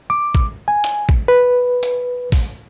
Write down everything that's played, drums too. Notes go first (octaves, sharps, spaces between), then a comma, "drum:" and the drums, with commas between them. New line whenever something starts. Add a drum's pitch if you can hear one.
D6
drum: kick A#1
G#5
drum: hi-hat
drum: kick A#1
B4
drum: hi-hat
drum: kick A#1, open hi-hat